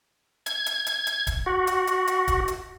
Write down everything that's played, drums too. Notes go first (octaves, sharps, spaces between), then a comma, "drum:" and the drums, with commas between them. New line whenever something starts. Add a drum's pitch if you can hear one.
G#6, drum: hi-hat
drum: hi-hat
drum: hi-hat
drum: hi-hat
drum: kick D1, hi-hat
F#4
drum: hi-hat
drum: hi-hat
drum: hi-hat
drum: kick D1, hi-hat
drum: hi-hat